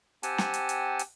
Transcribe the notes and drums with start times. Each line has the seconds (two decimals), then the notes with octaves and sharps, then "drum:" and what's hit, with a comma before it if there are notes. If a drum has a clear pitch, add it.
0.23 C4 G4 F#5 G#5 A5, drum: hi-hat
0.38 drum: snare
0.54 drum: hi-hat
0.69 drum: hi-hat
0.99 drum: hi-hat